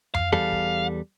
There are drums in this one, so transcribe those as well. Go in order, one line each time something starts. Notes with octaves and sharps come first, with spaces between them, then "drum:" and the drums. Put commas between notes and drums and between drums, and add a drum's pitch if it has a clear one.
F5, drum: tom F2
E2 G3 A4 F5
drum: kick